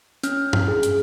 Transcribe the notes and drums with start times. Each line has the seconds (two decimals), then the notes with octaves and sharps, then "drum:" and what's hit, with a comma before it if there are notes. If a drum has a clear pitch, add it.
0.23 C#4 F6, drum: hi-hat
0.53 drum: tom G2
0.68 G#4
0.83 drum: hi-hat